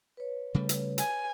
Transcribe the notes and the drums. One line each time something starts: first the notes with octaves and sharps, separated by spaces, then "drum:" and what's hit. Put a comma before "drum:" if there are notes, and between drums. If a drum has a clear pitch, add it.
B4 C#5
C#3 G3 A3
drum: hi-hat
G#5, drum: hi-hat